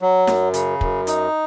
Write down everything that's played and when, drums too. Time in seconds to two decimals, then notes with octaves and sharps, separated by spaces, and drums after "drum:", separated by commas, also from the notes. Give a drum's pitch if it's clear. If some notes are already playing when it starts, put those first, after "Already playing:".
0.02 F#3
0.27 F#2, drum: snare
0.54 C#3, drum: hi-hat
0.81 F#2, drum: kick
1.07 D#4, drum: hi-hat